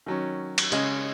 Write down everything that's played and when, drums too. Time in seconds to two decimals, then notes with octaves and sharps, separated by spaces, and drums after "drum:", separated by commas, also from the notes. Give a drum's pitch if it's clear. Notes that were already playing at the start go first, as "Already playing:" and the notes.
0.06 D#3 F#3 C#4
0.58 drum: cymbal
0.72 C#3 G#3 C#4 G#4 D#5, drum: hi-hat